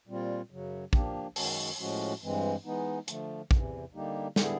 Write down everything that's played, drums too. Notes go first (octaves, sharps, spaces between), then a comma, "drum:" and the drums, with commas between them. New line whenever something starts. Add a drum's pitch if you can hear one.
A#2 G3 C4 F4
F#2 C#3 F#3
F3 A#3 D4 G4, drum: kick A#1
F#2 D#3 G#3 C#4 F#4, drum: open hi-hat
A2 F3 G#3 C#4 F#4
G2 E3 G#3 C4
E3 G#3 B3 D#4
D3 F3 A3, drum: hi-hat
E2 C3 E3, drum: kick A#1
D3 G3 A#3 D#4 G4
D3 G3 B3 E4 G#4, drum: snare